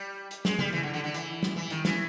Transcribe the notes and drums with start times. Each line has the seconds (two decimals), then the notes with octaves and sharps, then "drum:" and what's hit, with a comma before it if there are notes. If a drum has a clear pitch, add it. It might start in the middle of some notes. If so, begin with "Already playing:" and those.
Already playing: G3
0.31 drum: hi-hat
0.45 G#3, drum: snare
0.59 G3, drum: tom C#3
0.73 E3
0.83 D3
0.94 D3
1.04 D3
1.14 E3, drum: hi-hat
1.43 drum: snare
1.56 E3
1.70 D#3, drum: hi-hat
1.85 E3, drum: snare